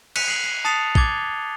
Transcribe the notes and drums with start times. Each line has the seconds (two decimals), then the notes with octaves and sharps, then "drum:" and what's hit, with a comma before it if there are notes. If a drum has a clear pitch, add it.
0.16 F#6 B6 C#7 D#7 F7, drum: cymbal
0.28 C7 F#7
0.43 C7
0.65 A5 D#6 A6 C7 C#7 F7
0.95 D6 G#6 A6 G7, drum: kick